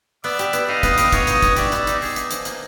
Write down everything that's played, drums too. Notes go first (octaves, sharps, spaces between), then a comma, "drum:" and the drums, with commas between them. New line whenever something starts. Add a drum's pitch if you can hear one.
B3 D5 E5, drum: open hi-hat
G4, drum: hi-hat
B3, drum: hi-hat
D#4 D#5 F5
B3, drum: kick, hi-hat
G4, drum: hi-hat
B3 C#5 D#5, drum: kick, hi-hat
D#4, drum: hi-hat
B3, drum: kick, hi-hat
G4 D5 E5, drum: hi-hat
B3, drum: hi-hat
D#4, drum: hi-hat
G#4, drum: open hi-hat
D#4, drum: hi-hat
F3, drum: hi-hat
A#3, drum: hi-hat